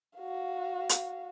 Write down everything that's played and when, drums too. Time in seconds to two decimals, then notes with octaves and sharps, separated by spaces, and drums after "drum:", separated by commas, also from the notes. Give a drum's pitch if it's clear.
0.19 F#4 F5
0.89 drum: hi-hat